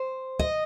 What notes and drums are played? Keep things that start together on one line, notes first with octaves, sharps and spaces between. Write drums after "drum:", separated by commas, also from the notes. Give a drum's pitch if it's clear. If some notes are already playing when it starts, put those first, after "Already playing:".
Already playing: C5
D#5, drum: kick